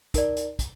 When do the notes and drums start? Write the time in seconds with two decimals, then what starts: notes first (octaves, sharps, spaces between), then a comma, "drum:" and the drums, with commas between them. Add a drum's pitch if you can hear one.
0.14 D#4 A#4 D5, drum: kick, hi-hat
0.37 drum: hi-hat
0.59 drum: kick, hi-hat